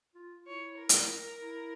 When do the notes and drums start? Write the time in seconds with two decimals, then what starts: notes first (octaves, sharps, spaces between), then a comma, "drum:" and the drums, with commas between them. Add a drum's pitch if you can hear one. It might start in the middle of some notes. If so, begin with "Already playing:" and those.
0.15 F4
0.47 E4 C#5
0.78 A#4
0.89 drum: hi-hat
1.41 E4